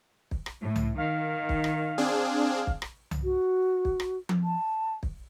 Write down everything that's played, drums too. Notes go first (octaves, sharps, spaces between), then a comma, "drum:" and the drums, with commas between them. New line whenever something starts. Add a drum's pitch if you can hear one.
drum: kick
drum: rim click
A2
drum: tom C2
D#3 F5
drum: kick
drum: rim click
C4 D4 G#4
drum: kick
drum: rim click
drum: tom C2
F#4
drum: kick
drum: rim click
drum: tom F3
A5
drum: kick